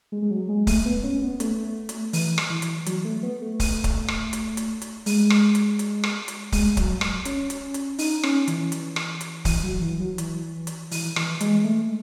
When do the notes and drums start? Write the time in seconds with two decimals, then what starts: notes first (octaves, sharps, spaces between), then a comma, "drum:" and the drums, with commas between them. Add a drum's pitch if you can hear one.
0.12 G#3
0.22 G#3
0.31 F#3
0.49 G#3
0.67 A3, drum: kick C#1, open hi-hat
0.85 B3
1.03 C#4
1.22 B3
1.40 A3, drum: hi-hat
1.89 drum: hi-hat
2.13 E3, drum: open hi-hat
2.38 drum: rim click
2.50 E3
2.62 drum: hi-hat
2.86 F#3, drum: hi-hat
3.05 A3
3.23 B3
3.42 A3
3.60 drum: kick C#1, open hi-hat
3.84 drum: kick C#1, hi-hat
4.08 drum: rim click
4.33 drum: hi-hat
4.57 drum: hi-hat
4.82 drum: hi-hat
5.06 G#3, drum: open hi-hat
5.30 drum: rim click
5.55 drum: hi-hat
5.79 drum: hi-hat
6.04 drum: rim click
6.28 drum: hi-hat
6.52 G#3, drum: kick C#1, open hi-hat
6.77 F#3, drum: kick C#1, hi-hat
7.01 drum: rim click
7.25 C#4, drum: hi-hat
7.50 drum: hi-hat
7.74 drum: hi-hat
7.98 D#4, drum: open hi-hat
8.23 C#4, drum: rim click
8.48 E3, drum: hi-hat
8.72 drum: hi-hat
8.96 drum: rim click
9.21 drum: hi-hat
9.45 E3, drum: kick C#1, open hi-hat
9.63 F#3
9.81 E3
10.00 F#3
10.18 E3, drum: hi-hat
10.67 drum: hi-hat
10.91 E3, drum: open hi-hat
11.16 E3, drum: rim click
11.41 G#3, drum: hi-hat
11.64 A3